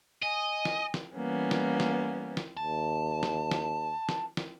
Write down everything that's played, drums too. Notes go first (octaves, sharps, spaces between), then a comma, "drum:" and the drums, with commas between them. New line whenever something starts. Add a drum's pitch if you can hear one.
D#5 G#5
drum: snare
drum: snare
E3 G3 A#3 B3 C#4
drum: snare
drum: snare
drum: snare
D#2 A5
drum: snare
drum: snare
drum: snare
drum: snare